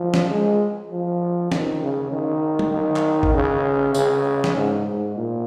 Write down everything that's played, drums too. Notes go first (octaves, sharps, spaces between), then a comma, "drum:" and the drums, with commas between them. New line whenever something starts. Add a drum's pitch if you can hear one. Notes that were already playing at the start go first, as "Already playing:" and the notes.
Already playing: F3
drum: snare
G#3
F3
D#3, drum: snare
C#3
D#3
drum: tom F#3
D#3
drum: clap
drum: kick G#1
C#3
C#3, drum: tambourine
drum: snare
G#2
G#2
A#2